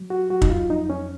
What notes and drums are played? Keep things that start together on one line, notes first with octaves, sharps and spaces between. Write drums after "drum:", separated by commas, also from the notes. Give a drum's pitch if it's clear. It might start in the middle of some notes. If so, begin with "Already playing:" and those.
Already playing: F#3
F#4
F#3 F#4
D#4, drum: kick
F4
F2 D#4
C#4